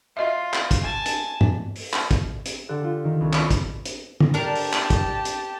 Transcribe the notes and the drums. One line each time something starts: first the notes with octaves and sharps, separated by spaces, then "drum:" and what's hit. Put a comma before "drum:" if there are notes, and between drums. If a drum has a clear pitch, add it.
F4 D#5 E5
drum: clap
drum: kick, hi-hat
G#5 A5
drum: hi-hat
drum: tom
drum: open hi-hat
drum: clap
drum: kick, hi-hat
drum: hi-hat
D3 G4 A4 D5 F#5
F4
D#3
C2
C4 F4 C#5 D5 B5, drum: clap
drum: kick, hi-hat
drum: hi-hat
drum: tom
D4 G4 A#4 A5
drum: open hi-hat
drum: clap
drum: kick, hi-hat
drum: hi-hat